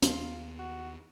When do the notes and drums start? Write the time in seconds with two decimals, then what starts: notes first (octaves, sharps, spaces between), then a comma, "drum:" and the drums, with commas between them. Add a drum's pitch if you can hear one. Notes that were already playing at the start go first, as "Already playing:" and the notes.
0.02 D#2 B3 F4, drum: hi-hat
0.59 F#4